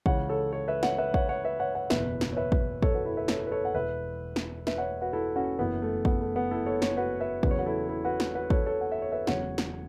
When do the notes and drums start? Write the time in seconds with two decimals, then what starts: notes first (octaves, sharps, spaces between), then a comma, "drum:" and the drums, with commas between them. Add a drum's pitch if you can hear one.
0.06 C#2 C#3 E3 C#5 F#5, drum: kick
0.29 A4 C#5
0.52 A4 C#5
0.68 B4 E5
0.83 C#5 F#5, drum: snare
0.98 B4 E5
1.14 C#5 F#5, drum: kick
1.29 C#5 F#5
1.45 B4 E5
1.60 C#5 F#5
1.75 C#5 F#5
1.90 F#1 E2 B2 B4 E5, drum: snare
2.21 drum: snare
2.33 C#5
2.37 B4 E5
2.52 drum: kick
2.82 A4 C#5, drum: kick
2.94 F#4 B4
3.05 E4 A4
3.17 B4 E5
3.28 A4 C#5, drum: snare
3.47 B4
3.51 A4 C#5
3.65 F#5
3.74 E1 E2 B2 B4 E5
4.36 drum: snare
4.67 B4 E5, drum: snare
4.78 C#5 F#5
5.01 F#4 B4
5.13 E4 A4
5.36 C#4 F#4
5.59 F#1 F#2 C#3 E3 B3 E4
5.82 A3
6.05 B3, drum: kick
6.21 A3
6.36 B3
6.51 E4 A4
6.66 A4 C#5
6.82 A4 C#5, drum: snare
6.97 F#4 B4
7.20 B4 E5
7.43 E2 C#3 F#3 B4, drum: kick
7.51 C#5
7.58 F#4 B4
7.66 E4 A4
7.89 E4 A4
8.05 F#4 B4
8.20 drum: snare
8.35 F#4 B4
8.50 A4 C#5, drum: kick
8.66 A4 C#5
8.81 F#5
8.92 E5
9.02 C#5
9.12 B4 E5
9.27 E1 E2 C#3 F#3 C#5 F#5, drum: snare
9.58 drum: snare